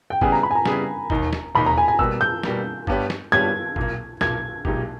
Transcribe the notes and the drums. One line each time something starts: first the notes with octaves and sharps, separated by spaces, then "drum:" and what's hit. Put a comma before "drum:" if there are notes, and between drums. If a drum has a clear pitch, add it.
G5
C#3 G3 B3 E4 G#4 G#5, drum: kick G1
A#5
B5
G#5
A#5
C#3 G3 B3 E4 G#4, drum: snare
E1 D#2 D#3 A#3 D#4, drum: kick G1
drum: snare
E1 D#2 D#3 A#3 D#4 B5
A#5
G#5
G#5
B2 G3 A#3 E6, drum: kick G1
G6
B2 G3 A#3, drum: snare
G2 G3 B3 G4 C#5, drum: kick G1
drum: snare
G2 G3 B3 G4 C#5 G#6
B1 A#2 A#3, drum: kick G1
B1 A#2 A#3 G#6, drum: snare
B1 A#2 G#3 D#4 G4, drum: kick G1